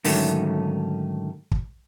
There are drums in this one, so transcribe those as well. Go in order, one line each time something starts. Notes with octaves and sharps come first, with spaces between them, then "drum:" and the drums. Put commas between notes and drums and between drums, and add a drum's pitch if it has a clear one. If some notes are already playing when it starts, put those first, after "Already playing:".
G#2 D3 D#3 F#3 A3 C#4, drum: open hi-hat
drum: kick